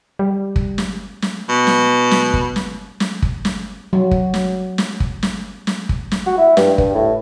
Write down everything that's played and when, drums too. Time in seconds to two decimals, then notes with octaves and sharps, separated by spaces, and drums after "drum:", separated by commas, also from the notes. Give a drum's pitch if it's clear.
0.19 G3
0.56 drum: kick
0.78 drum: snare
1.22 drum: snare
1.49 B2
1.67 drum: snare
2.11 drum: snare
2.34 drum: kick
2.56 drum: snare
3.00 drum: snare
3.22 drum: kick
3.45 drum: snare
3.93 F#3
4.11 drum: kick
4.34 drum: snare
4.78 drum: snare
5.00 drum: kick
5.23 drum: snare
5.67 drum: snare
5.89 drum: kick
6.11 drum: snare
6.26 F#4
6.38 E4
6.57 G2, drum: snare
6.78 G2, drum: kick
6.95 A2